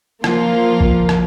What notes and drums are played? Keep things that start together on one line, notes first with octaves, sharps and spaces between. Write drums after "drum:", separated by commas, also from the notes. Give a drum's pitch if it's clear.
F3 A#3 F4, drum: rim click
drum: kick
drum: rim click